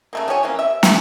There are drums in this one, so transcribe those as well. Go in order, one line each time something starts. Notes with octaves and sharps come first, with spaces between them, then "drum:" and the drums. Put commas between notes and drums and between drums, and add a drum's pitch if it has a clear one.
C#3 A3 A#3
F3 G4 C#5 G#5
E3 A#3 C4 C#4
G4 E5
A3, drum: snare